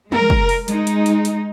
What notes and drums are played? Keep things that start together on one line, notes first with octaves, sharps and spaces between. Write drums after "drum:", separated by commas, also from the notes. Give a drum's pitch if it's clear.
G#3 A#4, drum: tom
drum: kick
drum: open hi-hat
G#3 D#4, drum: hi-hat
drum: hi-hat
drum: hi-hat
drum: hi-hat